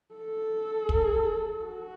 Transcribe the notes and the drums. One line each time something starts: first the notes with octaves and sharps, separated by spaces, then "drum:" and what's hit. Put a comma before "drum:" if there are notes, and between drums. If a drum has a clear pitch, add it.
A4
drum: kick
F#4